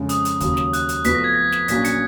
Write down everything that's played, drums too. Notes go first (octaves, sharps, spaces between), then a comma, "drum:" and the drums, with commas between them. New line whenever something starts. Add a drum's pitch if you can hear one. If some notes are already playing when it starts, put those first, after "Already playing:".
Already playing: F2 C#3 G#3
D#6, drum: hi-hat
drum: hi-hat
D#2 C#3 F#3, drum: kick, hi-hat
drum: snare
F#6, drum: hi-hat
drum: hi-hat
F1 F2 F3 B3 F#4 B6, drum: hi-hat
A#6
G#6
A#6
drum: snare
A#1 A#2 F#3 C#4 B6, drum: hi-hat
C#7, drum: hi-hat